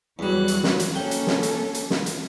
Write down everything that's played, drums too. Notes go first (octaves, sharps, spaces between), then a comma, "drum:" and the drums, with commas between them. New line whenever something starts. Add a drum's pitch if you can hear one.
E2 E3 F#3 G3 F#6
drum: hi-hat
drum: snare
drum: hi-hat
A#3 C#4 A4 G5
drum: hi-hat
drum: snare
drum: hi-hat
drum: hi-hat
drum: snare
drum: hi-hat